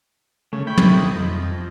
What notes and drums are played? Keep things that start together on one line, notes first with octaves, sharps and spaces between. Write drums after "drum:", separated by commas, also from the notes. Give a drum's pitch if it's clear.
C#3 A3
E4 G5 B5 C#6
drum: tom
D#4 D#5
F2